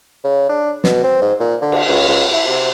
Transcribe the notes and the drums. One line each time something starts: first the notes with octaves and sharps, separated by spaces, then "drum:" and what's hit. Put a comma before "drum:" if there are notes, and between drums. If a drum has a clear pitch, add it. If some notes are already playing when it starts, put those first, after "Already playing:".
C#3
D4
B2, drum: snare
C4
G#2
A#2
D3
drum: cymbal
C#2
C#2
E4
C3